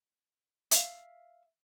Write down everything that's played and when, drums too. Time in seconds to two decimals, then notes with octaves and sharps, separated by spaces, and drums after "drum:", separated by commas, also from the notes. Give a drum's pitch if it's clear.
0.71 E5 F5, drum: hi-hat